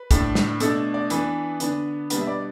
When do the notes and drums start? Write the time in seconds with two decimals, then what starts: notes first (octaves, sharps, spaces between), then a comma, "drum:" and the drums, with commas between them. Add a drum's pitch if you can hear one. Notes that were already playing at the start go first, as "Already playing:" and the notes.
Already playing: B4
0.11 A2 A3 D4, drum: kick, hi-hat
0.35 drum: snare
0.60 B2 A3 D4 A4, drum: hi-hat
0.94 D5
1.10 E3 B3 D4 B4, drum: hi-hat
1.60 D3 B3 D4, drum: hi-hat
2.10 B2 G3 B3 D4 B4, drum: hi-hat
2.20 E5
2.27 D5